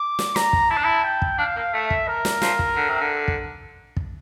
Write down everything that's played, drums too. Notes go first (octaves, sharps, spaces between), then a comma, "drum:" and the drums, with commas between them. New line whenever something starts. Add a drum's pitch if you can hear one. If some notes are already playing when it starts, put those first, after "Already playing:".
Already playing: D6
drum: snare
A#5, drum: snare
drum: kick
E4 A5
D4
E4
G5
drum: kick
D4 F5
A#3
A3 E5
drum: kick
A#4
drum: snare
F3, drum: snare
drum: kick
D3
C3
D3
drum: kick
drum: kick